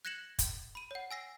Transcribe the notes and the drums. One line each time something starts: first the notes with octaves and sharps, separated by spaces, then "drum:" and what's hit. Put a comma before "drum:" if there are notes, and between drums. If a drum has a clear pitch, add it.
F#6 G#6 A#6 C#7 E7 F#7
drum: kick, hi-hat
B5 D#7
C#5 F#5
G#5 E6 A#6 C7